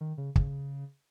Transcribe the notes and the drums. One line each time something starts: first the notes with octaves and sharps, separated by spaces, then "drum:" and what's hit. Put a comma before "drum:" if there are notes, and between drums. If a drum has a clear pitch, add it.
D#3
C#3
C#3, drum: kick